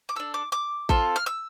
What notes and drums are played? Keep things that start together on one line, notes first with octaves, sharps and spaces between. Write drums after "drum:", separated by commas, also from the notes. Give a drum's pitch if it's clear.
D6
D4 A4 E6
D6
D6
C4 F4 A4, drum: kick A1
F6
E6